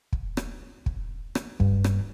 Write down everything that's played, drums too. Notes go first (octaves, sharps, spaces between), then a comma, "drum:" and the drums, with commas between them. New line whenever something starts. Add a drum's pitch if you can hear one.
drum: kick
drum: rim click
drum: kick
drum: rim click
G2, drum: kick
drum: rim click